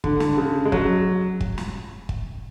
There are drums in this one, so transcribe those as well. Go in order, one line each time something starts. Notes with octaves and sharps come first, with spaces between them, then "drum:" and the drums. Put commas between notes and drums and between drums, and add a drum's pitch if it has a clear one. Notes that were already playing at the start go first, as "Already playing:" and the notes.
D3, drum: kick
D3, drum: snare
C#3
G#3
F#3, drum: kick
drum: kick
drum: snare
drum: kick